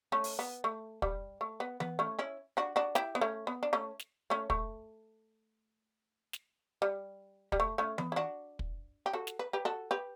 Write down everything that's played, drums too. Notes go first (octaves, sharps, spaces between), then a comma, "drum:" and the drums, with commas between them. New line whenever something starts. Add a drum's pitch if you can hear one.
A3 C#4
drum: open hi-hat
B3
A3
G3, drum: kick
A3
B3
B3, drum: tom E3
A3 C#4
C#4 E4
D4 F#4
D4 F#4
E4 G4, drum: snare
B3
A3 C#4
B3
D4
A3 C#4
drum: snare
A3 C#4
A3, drum: kick
drum: snare
G3
G3, drum: kick
A3
A3 C#4
B3, drum: tom E3
E4
D4 F#4
drum: kick
G4
F#4 A4
drum: snare
B4
G4 B4
F#4 A4
G4 B4